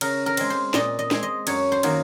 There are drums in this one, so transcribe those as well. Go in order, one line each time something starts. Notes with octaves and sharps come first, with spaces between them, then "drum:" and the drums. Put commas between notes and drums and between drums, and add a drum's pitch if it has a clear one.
C#3 A#4, drum: cymbal
A#4
G#3 C4, drum: cymbal
C5
A#2 D#5, drum: snare
D#5
G#3 C4, drum: snare
D#5
F#2 C#5, drum: cymbal
C5
D#3 F#3 A#3, drum: cymbal